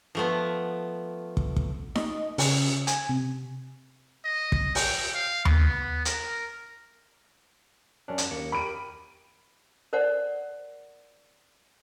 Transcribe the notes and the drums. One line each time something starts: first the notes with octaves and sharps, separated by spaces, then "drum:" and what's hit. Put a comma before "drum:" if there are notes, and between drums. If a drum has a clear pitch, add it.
F3 A3 B3
drum: kick
drum: kick
D#5, drum: snare D#4
C#3, drum: open hi-hat
G#5, drum: hi-hat
C3
D#5
drum: kick
G5, drum: open hi-hat
F5
B3, drum: tom D#2
A#4, drum: hi-hat
F#2 C#4 D4
drum: hi-hat
D#2 A#3 C#7
G4 A#4 G5 B5 D7 D#7
A#4 C5 D5 F#5